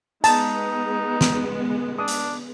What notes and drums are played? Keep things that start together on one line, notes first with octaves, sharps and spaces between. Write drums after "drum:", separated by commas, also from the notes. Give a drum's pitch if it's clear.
G#3 B3 D#4 A5, drum: hi-hat
drum: snare
D4 D#6
drum: hi-hat